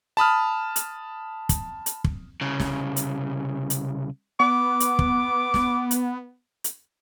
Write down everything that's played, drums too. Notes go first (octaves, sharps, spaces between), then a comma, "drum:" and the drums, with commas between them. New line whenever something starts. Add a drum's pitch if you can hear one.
A5 B5 D#6 F6
drum: hi-hat
drum: kick, hi-hat
drum: hi-hat
drum: kick
C2 C#3
drum: snare
drum: hi-hat
drum: hi-hat
B3 D6
drum: hi-hat
drum: kick
drum: snare
drum: hi-hat
drum: hi-hat